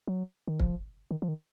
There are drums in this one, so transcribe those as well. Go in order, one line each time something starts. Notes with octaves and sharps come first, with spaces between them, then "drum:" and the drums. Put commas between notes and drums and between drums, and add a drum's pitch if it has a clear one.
F#3
D#3
F3, drum: kick
D#3
F3
D#3